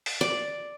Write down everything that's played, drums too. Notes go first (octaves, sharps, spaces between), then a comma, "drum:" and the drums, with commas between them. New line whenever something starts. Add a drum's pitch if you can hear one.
drum: open hi-hat
D5